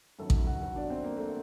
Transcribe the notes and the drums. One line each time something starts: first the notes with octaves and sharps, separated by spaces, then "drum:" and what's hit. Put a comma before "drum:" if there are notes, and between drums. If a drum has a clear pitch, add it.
G1 F#2 D#3 F#3 A4
drum: kick A1
F#4
F#4
D4
C4
A#3
A3